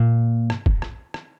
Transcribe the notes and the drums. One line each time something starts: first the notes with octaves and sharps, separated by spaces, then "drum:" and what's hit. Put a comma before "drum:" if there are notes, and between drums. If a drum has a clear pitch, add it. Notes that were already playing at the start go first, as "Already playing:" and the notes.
Already playing: A#2
drum: rim click
drum: kick
drum: rim click
drum: rim click